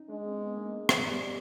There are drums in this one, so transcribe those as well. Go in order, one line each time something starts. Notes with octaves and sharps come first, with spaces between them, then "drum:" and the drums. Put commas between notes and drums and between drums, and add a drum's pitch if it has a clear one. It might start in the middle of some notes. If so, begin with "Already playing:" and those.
Already playing: C#4 D#4
G#3 D4
C4
B3
A#3
drum: rim click
G3 B3